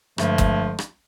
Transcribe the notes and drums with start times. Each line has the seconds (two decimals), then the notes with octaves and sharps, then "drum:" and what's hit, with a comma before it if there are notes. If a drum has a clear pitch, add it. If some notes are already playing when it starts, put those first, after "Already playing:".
0.18 G2 D3 F3 G#3 A3, drum: rim click
0.38 drum: kick G1, hi-hat
0.79 drum: rim click